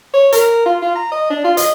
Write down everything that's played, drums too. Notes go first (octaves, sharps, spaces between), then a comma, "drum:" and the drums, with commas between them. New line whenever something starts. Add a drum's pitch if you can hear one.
C#5
A#4, drum: hi-hat
F4
F4
A#5
D#5
D4
F4
D#5, drum: hi-hat